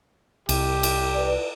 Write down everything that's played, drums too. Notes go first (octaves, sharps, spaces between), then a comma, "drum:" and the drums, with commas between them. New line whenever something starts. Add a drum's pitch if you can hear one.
C2 G4, drum: cymbal
drum: cymbal
B4 D5